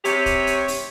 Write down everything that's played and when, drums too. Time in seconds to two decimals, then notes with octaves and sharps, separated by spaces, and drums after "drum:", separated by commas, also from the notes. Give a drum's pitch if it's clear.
0.05 C3 G4 C#5, drum: hi-hat
0.26 drum: kick, hi-hat
0.47 drum: hi-hat
0.68 drum: open hi-hat